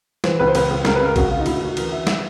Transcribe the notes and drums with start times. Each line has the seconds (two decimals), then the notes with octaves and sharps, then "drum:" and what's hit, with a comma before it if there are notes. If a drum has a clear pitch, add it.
0.24 E3 C5, drum: snare
0.39 C#2 B4
0.48 C5
0.55 C#2 B4, drum: cymbal
0.71 C#2
0.85 C#2 A#4, drum: snare
0.95 B4
1.01 C#3 A#4
1.16 C#3 F#4, drum: kick, cymbal
1.31 C#2 F4
1.40 D#4
1.46 D2 E4, drum: cymbal
1.61 D2 F#4
1.77 E3 A#4, drum: cymbal
1.92 E3 E5
2.07 E5, drum: snare